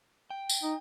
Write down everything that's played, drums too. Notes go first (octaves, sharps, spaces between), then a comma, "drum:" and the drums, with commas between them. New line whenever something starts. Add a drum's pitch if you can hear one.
G5
drum: tambourine
D#4